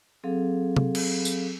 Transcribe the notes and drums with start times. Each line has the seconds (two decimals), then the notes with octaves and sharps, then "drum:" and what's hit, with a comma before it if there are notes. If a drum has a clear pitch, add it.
0.24 F#3 C4 G#4 A4 F5
0.76 drum: tom C3
0.95 drum: cymbal
1.25 drum: tambourine